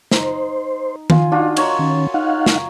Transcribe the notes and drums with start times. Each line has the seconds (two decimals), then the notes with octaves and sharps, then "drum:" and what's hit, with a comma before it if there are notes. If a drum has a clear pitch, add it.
0.12 D#4 C5, drum: snare
1.10 F4 G#5, drum: tom D#3
1.32 D4 D#4 F4 F#4
1.57 A#4 C#5 D#5, drum: cymbal
1.79 D#3 C#4
2.14 D#4 F5 F#5
2.46 drum: snare